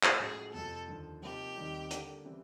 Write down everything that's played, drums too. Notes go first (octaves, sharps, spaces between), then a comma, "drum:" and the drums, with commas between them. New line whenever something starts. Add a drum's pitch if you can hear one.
drum: clap
A2 F3 G#3 C#4 F#4 G#4
F2 C3 F3 A4
D#2 D3 F3
C3 F3 A#3 D#4 G4
D#2 D#3 G3 C4 D#4
D3 G3 A#3, drum: hi-hat
C#3 E3 G3 C4